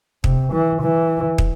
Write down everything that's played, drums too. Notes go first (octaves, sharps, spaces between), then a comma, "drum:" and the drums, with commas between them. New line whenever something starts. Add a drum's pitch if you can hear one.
C3, drum: kick
E3
E3
drum: kick